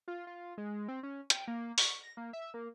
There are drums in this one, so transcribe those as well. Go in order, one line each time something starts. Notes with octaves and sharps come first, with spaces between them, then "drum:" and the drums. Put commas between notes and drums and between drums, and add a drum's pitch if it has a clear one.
F4
F4
G#3
C4
C#4
G5, drum: hi-hat
A#3
C#6, drum: open hi-hat
A#6
A#3
E5
A#3